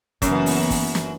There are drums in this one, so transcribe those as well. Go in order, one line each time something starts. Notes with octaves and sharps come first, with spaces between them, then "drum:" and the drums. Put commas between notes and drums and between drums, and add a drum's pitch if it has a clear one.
F#1 F#2 E3 B3, drum: kick, hi-hat
drum: open hi-hat
drum: kick, open hi-hat
drum: snare